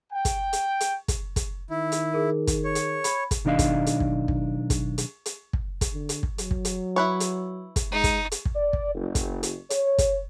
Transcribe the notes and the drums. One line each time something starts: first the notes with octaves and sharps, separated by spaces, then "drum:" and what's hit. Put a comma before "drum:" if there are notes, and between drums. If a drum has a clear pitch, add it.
G5
drum: kick, hi-hat
drum: hi-hat
drum: hi-hat
drum: kick, hi-hat
drum: kick, hi-hat
D#3 E4
drum: hi-hat
G#4 A#4
drum: kick, hi-hat
C#5
drum: hi-hat
B5 G#6, drum: hi-hat
drum: kick, hi-hat
B1 D#3 D4 D#5 F5
drum: kick, hi-hat
drum: hi-hat
drum: kick
drum: kick
drum: kick, hi-hat
drum: hi-hat
drum: hi-hat
drum: kick
drum: kick, hi-hat
D3
drum: hi-hat
drum: kick
F#3, drum: hi-hat
drum: kick
drum: hi-hat
E4 B4 C#5
drum: hi-hat
drum: kick, hi-hat
G#3 D#4
drum: kick, hi-hat
drum: hi-hat
drum: kick
D5
drum: kick
F#1
drum: kick, hi-hat
drum: hi-hat
C#5, drum: hi-hat
drum: kick, hi-hat